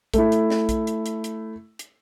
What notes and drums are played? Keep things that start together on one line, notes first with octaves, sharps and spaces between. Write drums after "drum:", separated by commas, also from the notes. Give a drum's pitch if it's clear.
A3 E4, drum: kick A#1, hi-hat
drum: hi-hat
drum: snare
drum: kick A#1, hi-hat
drum: hi-hat
drum: hi-hat
drum: hi-hat
drum: hi-hat